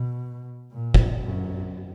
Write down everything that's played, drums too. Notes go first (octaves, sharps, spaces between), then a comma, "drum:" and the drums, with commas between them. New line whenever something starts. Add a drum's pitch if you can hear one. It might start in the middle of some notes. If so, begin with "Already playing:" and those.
Already playing: B2
A#2
drum: kick
F#2